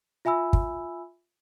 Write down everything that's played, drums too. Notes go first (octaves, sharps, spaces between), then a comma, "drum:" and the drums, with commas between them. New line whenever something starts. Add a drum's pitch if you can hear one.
F4 E5 G#5 B5 E6
drum: kick